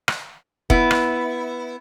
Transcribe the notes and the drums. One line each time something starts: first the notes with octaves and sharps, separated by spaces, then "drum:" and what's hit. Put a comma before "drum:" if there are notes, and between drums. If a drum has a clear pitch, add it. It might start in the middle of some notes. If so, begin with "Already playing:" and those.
drum: rim click
B3 E4, drum: kick
drum: rim click